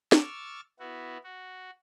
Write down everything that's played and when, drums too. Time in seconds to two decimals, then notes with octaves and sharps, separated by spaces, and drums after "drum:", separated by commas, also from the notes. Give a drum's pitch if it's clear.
0.12 C#6 D6 E6 F6 A6, drum: snare
0.80 B3 E4 F#4
1.24 F#4